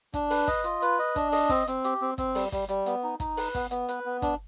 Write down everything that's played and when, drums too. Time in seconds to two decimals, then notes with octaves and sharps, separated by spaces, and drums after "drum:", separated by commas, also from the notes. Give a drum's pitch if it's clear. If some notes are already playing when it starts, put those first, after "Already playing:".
0.14 D4, drum: kick, hi-hat
0.30 B4, drum: open hi-hat
0.48 D#5, drum: kick, hi-hat
0.64 F4, drum: hi-hat
0.82 B4, drum: hi-hat
0.99 D#5
1.16 D4, drum: kick, hi-hat
1.32 D#5, drum: open hi-hat
1.49 C4, drum: kick, hi-hat
1.68 C4, drum: hi-hat
1.84 G4, drum: hi-hat
2.02 C4
2.18 C4, drum: kick, hi-hat
2.35 G3, drum: open hi-hat
2.52 G3, drum: kick, hi-hat
2.69 G3, drum: hi-hat
2.86 B3, drum: hi-hat
3.04 D#4
3.20 D#4, drum: kick, hi-hat
3.37 B4, drum: open hi-hat
3.55 B3, drum: kick, hi-hat
3.71 B3, drum: hi-hat
3.89 B4, drum: hi-hat
4.06 B3
4.22 D4, drum: kick, hi-hat